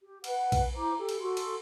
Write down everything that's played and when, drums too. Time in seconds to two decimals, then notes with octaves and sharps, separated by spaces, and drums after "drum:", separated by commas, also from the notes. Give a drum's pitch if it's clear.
0.02 G4
0.24 B4 F#5, drum: cymbal
0.52 drum: kick, cymbal
0.75 E4 C5 A#5 D6
0.97 G4 A4
1.09 drum: cymbal
1.21 F#4 A4 C6
1.37 drum: cymbal